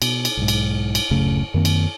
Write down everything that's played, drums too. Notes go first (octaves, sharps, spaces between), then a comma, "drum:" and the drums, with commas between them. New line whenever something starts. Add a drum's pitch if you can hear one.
B2, drum: cymbal
drum: cymbal
B1 G#2
drum: cymbal
drum: cymbal
D1 F#2 C#3 A3
F#2 D#3 A#3 C4
drum: cymbal